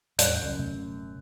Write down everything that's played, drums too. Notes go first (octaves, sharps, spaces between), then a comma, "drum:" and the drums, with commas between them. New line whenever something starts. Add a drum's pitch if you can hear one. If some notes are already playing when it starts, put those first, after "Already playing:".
E2 A2 G3 F#6 G6, drum: hi-hat
D1 C#2 F#2
D#1 C3 A3